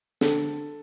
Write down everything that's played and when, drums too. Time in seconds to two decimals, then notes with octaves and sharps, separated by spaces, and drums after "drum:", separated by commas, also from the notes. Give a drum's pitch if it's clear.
0.21 D3 A4, drum: snare